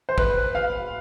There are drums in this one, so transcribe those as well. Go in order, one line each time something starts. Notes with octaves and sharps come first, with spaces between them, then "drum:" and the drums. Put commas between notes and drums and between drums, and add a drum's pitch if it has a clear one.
C5
B4, drum: kick
F5